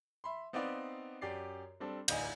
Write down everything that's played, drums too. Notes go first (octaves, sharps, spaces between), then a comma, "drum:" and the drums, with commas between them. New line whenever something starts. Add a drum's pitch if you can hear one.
E5 B5 C6
B3 C4 D#4 B4 D5 F5
F#2 G4 D5 C7
G3 C4 D4 A4
A1 D2 D#4 D#5 G#5, drum: cymbal